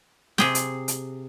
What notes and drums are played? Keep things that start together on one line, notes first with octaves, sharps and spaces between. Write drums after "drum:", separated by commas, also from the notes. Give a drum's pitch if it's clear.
C3 G#4 G5, drum: snare
drum: hi-hat
drum: hi-hat